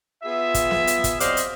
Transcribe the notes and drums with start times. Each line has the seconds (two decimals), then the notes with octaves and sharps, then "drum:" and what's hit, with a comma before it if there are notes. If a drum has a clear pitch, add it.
0.24 B3 F4 G#4 E5
0.54 drum: kick, hi-hat
0.71 drum: snare B3
0.87 drum: hi-hat
1.04 drum: kick, hi-hat
1.20 F#3 C4 C5 D5 D#5 F5, drum: hi-hat
1.37 drum: hi-hat